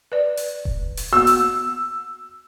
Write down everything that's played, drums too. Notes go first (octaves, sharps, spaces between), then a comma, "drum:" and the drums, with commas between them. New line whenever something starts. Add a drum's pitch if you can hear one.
B4 D5
drum: open hi-hat
drum: kick E1
drum: open hi-hat
A#3 B3 F#4 E6
drum: open hi-hat